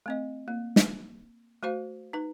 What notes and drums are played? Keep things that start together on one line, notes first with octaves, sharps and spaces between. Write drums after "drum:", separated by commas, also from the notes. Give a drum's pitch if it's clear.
A3 C4 D#5
A#3
drum: snare
A3 F#4 C5 F5
D#4 B4